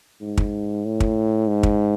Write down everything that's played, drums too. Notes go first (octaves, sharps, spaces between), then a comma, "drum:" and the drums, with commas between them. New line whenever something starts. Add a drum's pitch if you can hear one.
G#2
drum: kick
A2
drum: kick
G#2
drum: kick